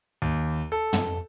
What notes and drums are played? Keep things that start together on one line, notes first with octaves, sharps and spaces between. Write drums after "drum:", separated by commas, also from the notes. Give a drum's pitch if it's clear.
D#2
A4
drum: tom